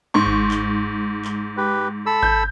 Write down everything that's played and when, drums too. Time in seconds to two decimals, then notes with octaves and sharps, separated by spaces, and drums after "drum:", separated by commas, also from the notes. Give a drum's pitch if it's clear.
0.14 G#2 C6 C#6
0.27 drum: kick G#1
0.51 drum: clap
1.25 drum: clap
1.57 G4 B4
2.06 A4 B5 E6
2.23 G6, drum: kick G#1